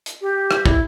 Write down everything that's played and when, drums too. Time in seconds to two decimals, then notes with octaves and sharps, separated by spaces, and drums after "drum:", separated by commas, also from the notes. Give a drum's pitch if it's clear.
0.06 drum: hi-hat
0.22 G4
0.51 drum: rim click
0.66 E4, drum: kick